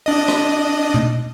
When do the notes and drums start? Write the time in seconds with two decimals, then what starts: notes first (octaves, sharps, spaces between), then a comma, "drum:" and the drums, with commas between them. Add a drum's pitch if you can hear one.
0.06 D4 D#5
0.28 drum: rim click
0.94 drum: tom B2